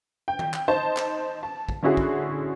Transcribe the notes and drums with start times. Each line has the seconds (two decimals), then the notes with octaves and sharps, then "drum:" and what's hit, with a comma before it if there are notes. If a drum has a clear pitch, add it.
0.28 G5
0.39 drum: tom D#3
0.54 drum: clap
0.68 D#4 C5 A5
0.97 drum: clap
1.43 A5
1.69 drum: kick
1.83 D3 C#4 E4 F#4 G#4
1.97 drum: kick